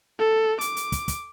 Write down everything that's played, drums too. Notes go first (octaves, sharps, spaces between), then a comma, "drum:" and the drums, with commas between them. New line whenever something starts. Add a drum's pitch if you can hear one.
A4
D6, drum: hi-hat
drum: hi-hat
drum: kick, hi-hat
drum: kick, hi-hat